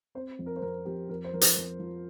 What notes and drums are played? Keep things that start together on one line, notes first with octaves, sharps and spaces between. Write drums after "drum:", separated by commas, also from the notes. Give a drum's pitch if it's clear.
C4 C5
F2
A#4
C5
F2 A#4
F2 G4
F2 A#4
C5
F3 A#4
C5, drum: hi-hat
F2
F3